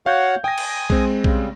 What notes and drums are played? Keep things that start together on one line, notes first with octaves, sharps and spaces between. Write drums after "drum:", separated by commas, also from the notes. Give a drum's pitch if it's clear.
F#4 C#5 F5 F#5 G6
G5 G#5 D#6 A#6
drum: cymbal
G#3 C4, drum: kick A#1
C#3 G3, drum: kick A#1